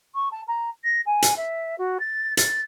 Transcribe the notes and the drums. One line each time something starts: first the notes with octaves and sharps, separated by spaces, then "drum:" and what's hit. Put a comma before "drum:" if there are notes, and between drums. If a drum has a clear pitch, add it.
C#6
A5
A#5
A#6
G#5
drum: hi-hat
E5
F#4
A6
A6, drum: hi-hat